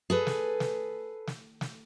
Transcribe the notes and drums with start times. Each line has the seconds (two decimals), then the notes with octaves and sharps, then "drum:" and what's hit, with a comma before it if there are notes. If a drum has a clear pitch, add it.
0.10 G#4 A4 B4
0.27 drum: snare
0.60 drum: snare
1.27 drum: snare
1.61 drum: snare